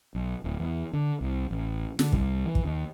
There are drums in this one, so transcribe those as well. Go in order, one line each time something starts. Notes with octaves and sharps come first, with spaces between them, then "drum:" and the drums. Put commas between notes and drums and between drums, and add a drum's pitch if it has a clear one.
B1
D1
E2
D3
C2
A1
D3, drum: snare
C2, drum: kick
E3
drum: kick
D#2